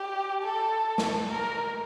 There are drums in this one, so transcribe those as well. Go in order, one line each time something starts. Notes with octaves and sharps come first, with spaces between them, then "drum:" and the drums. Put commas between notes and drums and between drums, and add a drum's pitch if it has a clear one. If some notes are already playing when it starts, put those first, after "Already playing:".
Already playing: G4
A4
drum: snare
A#4